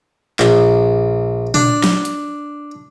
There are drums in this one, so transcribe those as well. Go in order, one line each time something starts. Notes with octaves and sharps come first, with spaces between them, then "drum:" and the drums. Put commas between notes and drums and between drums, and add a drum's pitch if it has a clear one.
A#1, drum: clap
D4, drum: tom A#2
drum: snare
drum: hi-hat